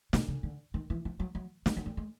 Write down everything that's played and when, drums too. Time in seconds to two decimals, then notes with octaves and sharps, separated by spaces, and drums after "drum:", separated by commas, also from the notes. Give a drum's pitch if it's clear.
0.13 B2, drum: snare
0.28 C#3
0.43 D3
0.74 D#3
0.90 E3
1.05 F3
1.20 F#3
1.35 F#3
1.66 F#3, drum: snare
1.77 F#3
1.86 G3
1.97 G#3